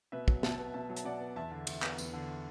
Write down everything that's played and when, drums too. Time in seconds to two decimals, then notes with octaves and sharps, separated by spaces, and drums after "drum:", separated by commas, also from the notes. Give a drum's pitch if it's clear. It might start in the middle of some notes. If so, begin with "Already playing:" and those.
0.12 B2 B4 E5
0.28 F#3, drum: kick
0.43 B2 E5 A5, drum: snare
0.58 B3
0.74 B2 E5 A5
0.89 F#3
0.97 A5, drum: hi-hat
1.05 B2 D5 F#5
1.20 B3
1.36 E2 E5 A5
1.52 D3
1.67 E2, drum: cymbal
1.82 B3, drum: clap
1.98 E2, drum: tambourine
2.13 D3